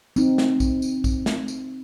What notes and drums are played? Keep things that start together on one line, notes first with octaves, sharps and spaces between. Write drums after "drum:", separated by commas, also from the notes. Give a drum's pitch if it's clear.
C4 D#4, drum: tambourine
drum: snare
drum: kick, tambourine
drum: tambourine
drum: kick, tambourine
drum: snare
drum: tambourine